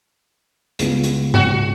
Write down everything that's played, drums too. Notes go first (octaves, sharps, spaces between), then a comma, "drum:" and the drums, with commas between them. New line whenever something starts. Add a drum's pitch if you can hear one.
C#2 C#3 G#3 B3 F4, drum: hi-hat
drum: hi-hat
F#4, drum: tom G#2